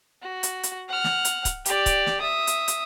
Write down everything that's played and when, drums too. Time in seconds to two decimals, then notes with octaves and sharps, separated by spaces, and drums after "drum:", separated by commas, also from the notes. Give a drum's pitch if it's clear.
0.22 F#4
0.43 drum: hi-hat
0.63 drum: hi-hat
0.89 F#5 F6
1.04 drum: snare
1.25 drum: hi-hat
1.45 drum: kick C#1, hi-hat
1.65 G4 D5, drum: hi-hat
1.86 drum: kick C#1, hi-hat
2.06 drum: snare
2.21 E5 D#6
2.47 drum: hi-hat
2.68 drum: hi-hat